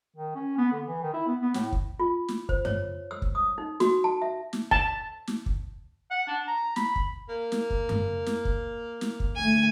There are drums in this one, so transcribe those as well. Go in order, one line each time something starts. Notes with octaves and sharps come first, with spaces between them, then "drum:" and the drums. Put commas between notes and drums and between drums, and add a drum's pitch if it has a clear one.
D#3
C#4
B3
D3
E3
D#3
E4
B3
B3
A2, drum: snare
drum: kick
F4
drum: snare
C5, drum: kick
C#5, drum: tom F#2
E6
drum: kick
D#6
D#4
F#4, drum: snare
A5
E5
drum: snare
A5, drum: kick
drum: snare
drum: kick
F#5
D4
A#5
B5, drum: snare
drum: kick
A#3
drum: snare
drum: kick
drum: tom F#2
drum: snare
drum: kick
drum: snare
drum: kick
D3 A3 G#5